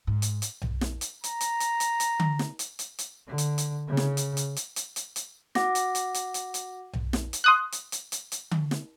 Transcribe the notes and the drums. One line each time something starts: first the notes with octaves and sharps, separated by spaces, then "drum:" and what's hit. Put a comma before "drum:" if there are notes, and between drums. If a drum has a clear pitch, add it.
G#2
drum: hi-hat
drum: hi-hat
drum: tom B1
drum: snare
drum: hi-hat
A#5, drum: hi-hat
drum: hi-hat
drum: hi-hat
drum: hi-hat
drum: hi-hat
drum: tom D3
drum: snare
drum: hi-hat
drum: hi-hat
drum: hi-hat
D3
drum: hi-hat
drum: hi-hat
C#3
drum: snare
drum: hi-hat
drum: hi-hat
drum: hi-hat
drum: hi-hat
drum: hi-hat
drum: hi-hat
F#4 F#5 D6 A#6, drum: snare
drum: hi-hat
drum: hi-hat
drum: hi-hat
drum: hi-hat
drum: hi-hat
drum: tom B1
drum: snare
drum: hi-hat
C6 D#6 F#6
drum: hi-hat
drum: hi-hat
drum: hi-hat
drum: hi-hat
drum: tom D3
drum: snare